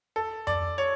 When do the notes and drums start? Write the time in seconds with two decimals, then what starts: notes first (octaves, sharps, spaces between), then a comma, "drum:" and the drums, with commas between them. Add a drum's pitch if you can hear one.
0.16 A4
0.47 D5, drum: tom F2
0.78 C#5